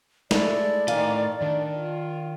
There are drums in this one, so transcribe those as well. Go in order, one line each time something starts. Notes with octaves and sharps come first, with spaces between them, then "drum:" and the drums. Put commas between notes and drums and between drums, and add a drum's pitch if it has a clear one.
G#3 A3 E4 D5, drum: snare
A2 D#3 F5 G#5, drum: hi-hat
D#3 D4
F4